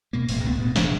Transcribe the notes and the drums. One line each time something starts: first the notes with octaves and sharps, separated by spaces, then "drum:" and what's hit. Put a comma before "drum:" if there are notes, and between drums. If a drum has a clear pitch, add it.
B2 A#3
E1 A#2 A#3, drum: open hi-hat
C#2 A2 A3 B3
D1 G2 B2 B3
E1 G#2 C#3 D4, drum: snare